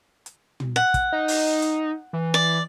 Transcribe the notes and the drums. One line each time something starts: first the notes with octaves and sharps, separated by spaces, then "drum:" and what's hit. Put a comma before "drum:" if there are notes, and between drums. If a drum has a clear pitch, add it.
drum: hi-hat
drum: tom
F#5
drum: kick, hi-hat
D#4
drum: open hi-hat
drum: hi-hat
E3
D5